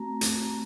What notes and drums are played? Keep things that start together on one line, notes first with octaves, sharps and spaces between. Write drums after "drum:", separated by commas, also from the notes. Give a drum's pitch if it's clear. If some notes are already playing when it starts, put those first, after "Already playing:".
Already playing: A3 C4 F#4 A#5
drum: hi-hat